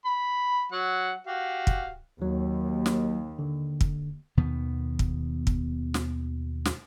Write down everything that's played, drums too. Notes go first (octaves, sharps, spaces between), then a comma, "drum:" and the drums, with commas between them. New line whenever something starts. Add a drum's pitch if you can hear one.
B5
F#3 F#5
F#4 G4 F5
drum: kick
D#2 F#3
drum: snare
D3
drum: kick
D#2 B2 D#3 B3
drum: kick
drum: kick
drum: snare
drum: snare